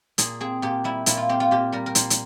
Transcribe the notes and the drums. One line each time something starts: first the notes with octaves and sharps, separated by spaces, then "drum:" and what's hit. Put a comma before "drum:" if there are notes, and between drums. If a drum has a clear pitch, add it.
A#2 G#4, drum: hi-hat
C4 G#4
A#2 G4
G3 E4
A#2 E4, drum: hi-hat
F4
C4 G4
F4
A#2 G4
G3 A#4
A#4
A#2 C5, drum: hi-hat
drum: hi-hat